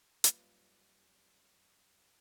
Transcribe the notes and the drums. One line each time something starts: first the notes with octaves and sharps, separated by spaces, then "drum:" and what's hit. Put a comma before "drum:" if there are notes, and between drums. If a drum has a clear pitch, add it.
F#2 G3 A#3 F4 B4, drum: hi-hat